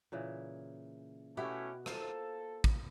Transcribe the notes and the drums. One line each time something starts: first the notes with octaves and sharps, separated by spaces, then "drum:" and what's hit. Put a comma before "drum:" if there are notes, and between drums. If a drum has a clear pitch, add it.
A#2 C#3 E3
B2 A3 C#4 E4 F#4 G4 F#5
A#3 F4 A4 C5 F5, drum: rim click
drum: kick